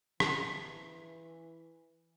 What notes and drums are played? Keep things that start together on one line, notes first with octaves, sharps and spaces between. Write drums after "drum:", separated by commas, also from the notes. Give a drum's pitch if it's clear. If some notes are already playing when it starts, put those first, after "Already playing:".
E3 F3 A4, drum: rim click